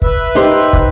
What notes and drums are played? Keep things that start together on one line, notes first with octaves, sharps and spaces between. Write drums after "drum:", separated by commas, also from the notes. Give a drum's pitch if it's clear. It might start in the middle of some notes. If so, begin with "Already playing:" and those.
B4 E5, drum: kick
D#4 G4 C5
drum: kick